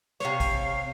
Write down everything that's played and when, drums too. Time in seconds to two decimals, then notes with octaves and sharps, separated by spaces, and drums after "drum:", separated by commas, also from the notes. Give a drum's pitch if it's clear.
0.20 C3 C#5 F5, drum: snare
0.40 drum: kick, cymbal